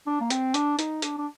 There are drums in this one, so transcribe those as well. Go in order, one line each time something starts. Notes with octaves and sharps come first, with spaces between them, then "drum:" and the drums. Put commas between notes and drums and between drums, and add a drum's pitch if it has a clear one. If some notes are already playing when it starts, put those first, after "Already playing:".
D4
A#3
C4, drum: hi-hat
D4, drum: hi-hat
D#4, drum: hi-hat
D4, drum: hi-hat
D4